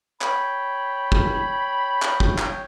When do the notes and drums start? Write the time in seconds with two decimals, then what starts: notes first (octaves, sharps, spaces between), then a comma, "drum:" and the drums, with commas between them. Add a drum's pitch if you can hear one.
0.21 C#5 G5 B5, drum: clap
1.12 drum: kick
2.02 drum: clap
2.20 drum: kick
2.38 drum: clap